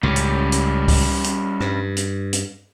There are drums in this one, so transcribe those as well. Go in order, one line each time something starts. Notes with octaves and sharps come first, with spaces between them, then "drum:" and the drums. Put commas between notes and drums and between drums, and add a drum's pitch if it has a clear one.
C#2 A2 G3 C#4
drum: hi-hat
drum: hi-hat
drum: kick C#2, open hi-hat
drum: hi-hat
G2, drum: rim click
drum: hi-hat
drum: hi-hat